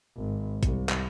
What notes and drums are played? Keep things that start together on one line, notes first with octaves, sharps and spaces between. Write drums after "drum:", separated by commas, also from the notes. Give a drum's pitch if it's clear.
G#1
C2, drum: kick A1, hi-hat
drum: clap